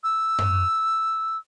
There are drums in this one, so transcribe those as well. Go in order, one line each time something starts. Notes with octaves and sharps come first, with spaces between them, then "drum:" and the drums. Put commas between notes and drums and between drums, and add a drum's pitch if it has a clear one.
E6
drum: tom F#2